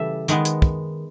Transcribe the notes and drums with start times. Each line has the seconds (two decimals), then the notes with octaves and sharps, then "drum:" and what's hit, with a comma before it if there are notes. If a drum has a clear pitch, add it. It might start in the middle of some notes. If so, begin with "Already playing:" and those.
Already playing: C#3 E3 G3 G4 A4 E5
0.28 D#3 G#3 B3, drum: hi-hat
0.45 drum: hi-hat
0.62 drum: kick